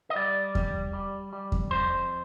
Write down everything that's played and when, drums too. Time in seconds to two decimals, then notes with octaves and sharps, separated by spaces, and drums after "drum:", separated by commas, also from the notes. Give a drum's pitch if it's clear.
0.10 D#5
0.16 G3 D5
0.55 G3, drum: kick E2
0.93 G3
1.33 G3
1.52 drum: kick E2
1.71 F2 C5